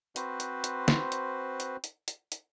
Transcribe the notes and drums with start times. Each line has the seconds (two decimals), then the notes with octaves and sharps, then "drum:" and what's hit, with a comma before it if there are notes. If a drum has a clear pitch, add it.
0.16 C4 F#4 B4 C5, drum: hi-hat
0.40 drum: hi-hat
0.64 drum: hi-hat
0.88 drum: snare
1.12 drum: hi-hat
1.60 drum: hi-hat
1.84 drum: hi-hat
2.08 drum: hi-hat
2.32 drum: hi-hat